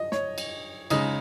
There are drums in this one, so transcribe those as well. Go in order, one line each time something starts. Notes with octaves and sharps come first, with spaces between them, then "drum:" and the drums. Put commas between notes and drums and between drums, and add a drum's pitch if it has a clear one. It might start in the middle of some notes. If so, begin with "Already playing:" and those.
Already playing: D#5
C#5, drum: snare
drum: cymbal
C#3 G#3 D#4 D#5, drum: cymbal